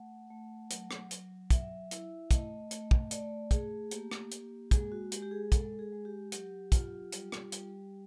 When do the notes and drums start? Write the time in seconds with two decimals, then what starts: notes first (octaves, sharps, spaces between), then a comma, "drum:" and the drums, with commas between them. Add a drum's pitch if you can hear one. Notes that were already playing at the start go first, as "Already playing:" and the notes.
Already playing: A3 F#5
0.30 A3
0.70 F#3, drum: hi-hat
0.91 drum: rim click
1.11 F#3, drum: hi-hat
1.50 F#3 E5, drum: kick, hi-hat
1.91 E4, drum: hi-hat
2.31 A3 D#5, drum: kick, hi-hat
2.71 A3, drum: hi-hat
2.91 drum: kick
3.11 A3 D5, drum: hi-hat
3.51 A3 G#4, drum: kick, hi-hat
3.91 A#3 G4, drum: hi-hat
4.11 drum: rim click
4.31 A#3, drum: hi-hat
4.71 G#3 G#4, drum: kick, hi-hat
4.92 F#4
5.12 G#3 G4, drum: hi-hat
5.22 G4
5.31 G#4
5.52 G#3 A4, drum: kick, hi-hat
5.79 G#4
5.92 G#3
6.05 G4
6.32 F#3 G4, drum: hi-hat
6.72 F4, drum: kick, hi-hat
7.12 G3, drum: hi-hat
7.32 drum: rim click
7.52 G3, drum: hi-hat